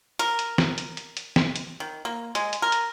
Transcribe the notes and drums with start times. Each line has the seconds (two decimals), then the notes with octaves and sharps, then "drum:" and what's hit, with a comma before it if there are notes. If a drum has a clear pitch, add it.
0.19 A#4, drum: hi-hat
0.39 drum: hi-hat
0.58 drum: snare
0.78 drum: hi-hat
0.97 drum: hi-hat
1.17 drum: hi-hat
1.36 drum: snare
1.56 drum: hi-hat
1.80 D#3
2.05 A#3
2.35 G#3, drum: hi-hat
2.53 drum: hi-hat
2.62 A#4
2.72 drum: hi-hat